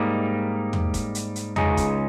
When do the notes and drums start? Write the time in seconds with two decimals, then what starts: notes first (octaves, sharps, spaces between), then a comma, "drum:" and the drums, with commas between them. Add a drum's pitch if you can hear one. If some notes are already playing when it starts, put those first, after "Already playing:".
Already playing: G#2 G3 A#3 D#4
0.73 drum: tom
0.94 drum: kick, hi-hat
1.15 drum: hi-hat
1.36 drum: hi-hat
1.56 C#2 C#3 G#3 D#4, drum: tom
1.77 drum: kick, hi-hat